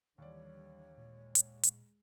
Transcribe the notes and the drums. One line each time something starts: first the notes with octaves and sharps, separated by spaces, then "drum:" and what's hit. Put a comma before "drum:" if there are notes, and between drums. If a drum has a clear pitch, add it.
D#2 D3 E3 G3 C#5 D5
A#2 G#3
drum: hi-hat
drum: hi-hat